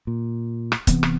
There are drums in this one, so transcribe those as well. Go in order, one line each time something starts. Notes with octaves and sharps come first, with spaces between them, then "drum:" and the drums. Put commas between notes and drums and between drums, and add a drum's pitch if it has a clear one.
A#2
drum: rim click
C3 E3 B3 C4, drum: kick, hi-hat
drum: rim click